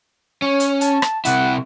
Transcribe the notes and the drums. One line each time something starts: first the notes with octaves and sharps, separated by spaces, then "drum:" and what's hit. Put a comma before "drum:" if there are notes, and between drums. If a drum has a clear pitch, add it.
C#4 C#5
drum: hi-hat
A5, drum: hi-hat
drum: rim click
C3 E4 F#5, drum: hi-hat